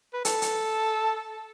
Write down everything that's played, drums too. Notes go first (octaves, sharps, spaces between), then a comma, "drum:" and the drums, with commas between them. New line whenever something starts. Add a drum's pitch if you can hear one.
B4
A4, drum: hi-hat
drum: hi-hat